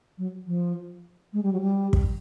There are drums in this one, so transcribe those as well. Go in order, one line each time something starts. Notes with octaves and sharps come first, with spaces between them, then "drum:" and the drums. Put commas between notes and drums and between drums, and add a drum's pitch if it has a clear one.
F#3
F3
G#3
G3
F#3
G3
drum: kick